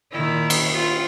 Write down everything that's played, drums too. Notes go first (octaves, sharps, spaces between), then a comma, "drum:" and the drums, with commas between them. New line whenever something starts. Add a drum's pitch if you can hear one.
A#2 D#3 E4
drum: cymbal
F4